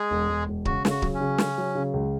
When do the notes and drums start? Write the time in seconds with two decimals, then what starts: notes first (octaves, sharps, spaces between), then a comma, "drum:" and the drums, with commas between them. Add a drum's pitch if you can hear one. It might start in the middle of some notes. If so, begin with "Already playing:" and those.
Already playing: G#3 G#4
0.11 E1
0.29 E1
0.48 E1
0.65 C#3 F#4, drum: kick C#1
0.85 C#3, drum: snare
0.90 F#4
1.02 F#3, drum: kick C#1
1.15 C#4
1.20 C#3
1.38 C#3, drum: snare
1.58 F#3
1.75 C#3
1.93 C#2